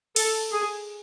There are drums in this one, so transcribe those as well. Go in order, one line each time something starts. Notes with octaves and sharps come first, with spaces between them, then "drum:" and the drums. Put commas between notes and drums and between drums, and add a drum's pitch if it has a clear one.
A4, drum: cymbal
G#4